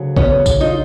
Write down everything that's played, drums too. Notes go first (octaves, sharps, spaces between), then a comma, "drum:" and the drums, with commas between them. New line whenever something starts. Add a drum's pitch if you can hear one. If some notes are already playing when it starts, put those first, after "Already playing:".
Already playing: D2 C#3 F#3
B3 C#4, drum: kick A#1
drum: kick A#1, tambourine
D#4 F4